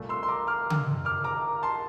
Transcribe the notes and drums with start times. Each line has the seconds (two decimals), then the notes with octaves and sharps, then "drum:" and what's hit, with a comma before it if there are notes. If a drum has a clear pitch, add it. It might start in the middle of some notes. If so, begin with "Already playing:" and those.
Already playing: C2 A#2 A3
0.09 C6 E6
0.23 C6
0.28 A#5 D6
0.47 D6 F6
0.70 drum: tom C#3
1.05 D6 F6
1.24 A#5 D6
1.63 A5 C6